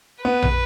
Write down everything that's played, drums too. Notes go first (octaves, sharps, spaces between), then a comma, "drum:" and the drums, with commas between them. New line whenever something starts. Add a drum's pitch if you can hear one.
B3 B4
drum: tom A#1